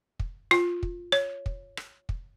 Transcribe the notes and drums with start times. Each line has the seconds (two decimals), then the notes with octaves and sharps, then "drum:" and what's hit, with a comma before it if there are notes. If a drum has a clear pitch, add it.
0.20 drum: kick
0.51 F4, drum: rim click
0.83 drum: kick
1.12 C#5, drum: rim click
1.46 drum: kick
1.77 drum: rim click
2.09 drum: kick